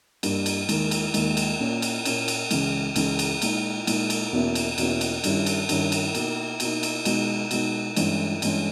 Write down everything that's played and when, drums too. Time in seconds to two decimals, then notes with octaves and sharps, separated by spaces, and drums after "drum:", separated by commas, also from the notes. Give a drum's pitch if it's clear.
0.23 G2 G3 A#3, drum: cymbal
0.46 drum: cymbal
0.69 D#2 D#3 G#3, drum: cymbal
0.91 drum: cymbal
1.14 D#2 D#3 G#3, drum: cymbal
1.37 drum: cymbal
1.60 A#2 A#3 C#4
1.82 drum: cymbal
2.05 A#2 A#3 C#4, drum: cymbal
2.28 drum: cymbal
2.51 C#2 C#3 E3 G#3, drum: cymbal
2.96 C#2 C#3 E3 G#3, drum: cymbal
3.19 drum: cymbal
3.42 A#2 G#3 D#4, drum: cymbal
3.87 A#2 G#3 D#4, drum: cymbal
4.10 drum: cymbal
4.33 E2 B2 A#3 C#4 E4
4.55 drum: cymbal
4.78 E2 B2 A#3 C#4 E4, drum: cymbal
5.01 drum: cymbal
5.24 G2 D#3 G3 C#4 E4, drum: cymbal
5.46 drum: cymbal
5.69 G2 D#3 G3 C#4 E4, drum: cymbal
5.92 drum: cymbal
6.15 B2 A#3 D#4, drum: cymbal
6.60 B2 A#3 D#4, drum: cymbal
6.83 drum: cymbal
7.05 B2 G#3 D#4, drum: cymbal
7.51 B2 G#3 D#4, drum: cymbal
7.96 G2 E3 G#3 C#4, drum: cymbal
8.42 G2 E3 G#3 C#4, drum: cymbal